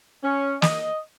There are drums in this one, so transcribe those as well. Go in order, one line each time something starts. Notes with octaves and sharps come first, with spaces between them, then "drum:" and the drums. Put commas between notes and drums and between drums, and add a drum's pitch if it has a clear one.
C#4
D#5, drum: snare